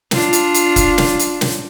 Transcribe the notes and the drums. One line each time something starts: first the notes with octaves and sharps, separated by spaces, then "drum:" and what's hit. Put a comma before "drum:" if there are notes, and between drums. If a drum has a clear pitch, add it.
D4 F4, drum: snare
drum: hi-hat
drum: hi-hat
drum: kick C#1, hi-hat
drum: snare
drum: hi-hat
drum: snare